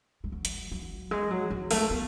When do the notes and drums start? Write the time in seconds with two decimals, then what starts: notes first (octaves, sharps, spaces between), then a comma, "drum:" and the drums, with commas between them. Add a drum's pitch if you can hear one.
0.24 G#3
0.32 F#3
0.45 drum: hi-hat
0.71 F#3
1.11 G#3
1.31 F#3
1.51 F#3
1.71 A3, drum: open hi-hat
1.90 B3